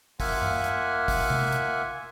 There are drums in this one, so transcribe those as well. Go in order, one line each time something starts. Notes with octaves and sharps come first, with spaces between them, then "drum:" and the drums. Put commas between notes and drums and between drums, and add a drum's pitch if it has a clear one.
A#3 F4 E5 F#5 G#5, drum: kick, open hi-hat
drum: tom F#2
drum: hi-hat
drum: kick, open hi-hat
drum: tom C3
drum: hi-hat